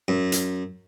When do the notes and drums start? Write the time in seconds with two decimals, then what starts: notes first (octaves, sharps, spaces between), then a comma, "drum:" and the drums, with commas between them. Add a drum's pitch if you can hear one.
0.08 F#2
0.32 drum: hi-hat